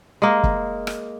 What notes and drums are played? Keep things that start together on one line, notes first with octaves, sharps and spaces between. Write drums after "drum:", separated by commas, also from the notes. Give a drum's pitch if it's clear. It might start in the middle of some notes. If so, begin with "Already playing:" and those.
G#3 A#3
drum: kick
drum: rim click